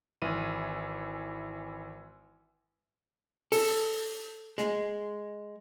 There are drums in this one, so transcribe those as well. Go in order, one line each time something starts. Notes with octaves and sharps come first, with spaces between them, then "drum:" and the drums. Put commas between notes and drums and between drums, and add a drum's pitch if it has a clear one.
G#1 E3 E4 D#7
A4, drum: open hi-hat
G#3, drum: snare